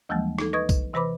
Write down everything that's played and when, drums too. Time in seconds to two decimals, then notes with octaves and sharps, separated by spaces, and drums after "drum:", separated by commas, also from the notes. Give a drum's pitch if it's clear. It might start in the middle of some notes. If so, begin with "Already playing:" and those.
0.09 D#2 E3 F3 G3 G#3 A#3
0.39 D#4 A4, drum: rim click
0.53 B4 D#5 C#6 D#6 G#6
0.69 drum: kick, tambourine
0.93 C3 E3 B4 C5 B5 D6